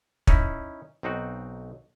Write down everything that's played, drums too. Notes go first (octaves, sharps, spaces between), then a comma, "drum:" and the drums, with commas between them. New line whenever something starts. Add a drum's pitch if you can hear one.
C#4 D#4 E4, drum: kick
B1 C4 D#4 F#4